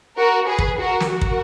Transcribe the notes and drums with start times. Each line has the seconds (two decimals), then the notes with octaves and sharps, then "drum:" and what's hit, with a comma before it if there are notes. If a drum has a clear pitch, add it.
0.17 F#4 A#4
0.47 G#4 B4
0.59 drum: kick
0.79 F#4 A#4
1.00 drum: snare
1.11 F#4 A#4
1.21 drum: kick